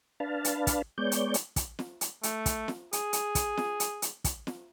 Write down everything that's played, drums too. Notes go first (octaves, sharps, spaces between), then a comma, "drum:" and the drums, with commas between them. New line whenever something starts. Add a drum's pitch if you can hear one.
D4 B4 F5 A5
drum: hi-hat
drum: kick, hi-hat
G#3 B3 C#5 D5 G6
drum: hi-hat
drum: hi-hat
drum: kick, hi-hat
drum: snare
drum: hi-hat
A3, drum: hi-hat
drum: kick, hi-hat
drum: snare
G#4, drum: hi-hat
drum: hi-hat
drum: kick, hi-hat
drum: snare
drum: hi-hat
drum: hi-hat
drum: kick, hi-hat
drum: snare